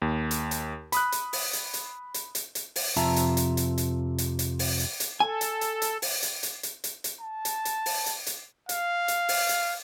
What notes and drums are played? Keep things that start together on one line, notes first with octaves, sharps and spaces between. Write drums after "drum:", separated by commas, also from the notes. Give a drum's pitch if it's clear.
D#2
drum: hi-hat
drum: hi-hat
B5 D#6 F#6, drum: hi-hat
drum: hi-hat
drum: open hi-hat
drum: hi-hat
drum: hi-hat
drum: hi-hat
drum: hi-hat
drum: hi-hat
drum: open hi-hat
F2 C3 F4 E5 A5 A#5, drum: hi-hat
drum: hi-hat
drum: hi-hat
drum: hi-hat
drum: hi-hat
drum: hi-hat
drum: hi-hat
drum: open hi-hat
drum: hi-hat
drum: hi-hat
A4 G#5
drum: hi-hat
drum: hi-hat
drum: hi-hat
drum: open hi-hat
drum: hi-hat
drum: hi-hat
drum: hi-hat
drum: hi-hat
drum: hi-hat
A5
drum: hi-hat
drum: hi-hat
drum: open hi-hat
drum: hi-hat
drum: hi-hat
F5, drum: hi-hat
drum: hi-hat
drum: open hi-hat
drum: hi-hat